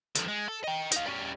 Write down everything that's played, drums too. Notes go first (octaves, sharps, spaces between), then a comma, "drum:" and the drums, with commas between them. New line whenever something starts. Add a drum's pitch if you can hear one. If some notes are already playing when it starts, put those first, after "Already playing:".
D3 F3, drum: hi-hat
G#3
A4
D#5 G5
D#4 F5, drum: hi-hat
G3 C#4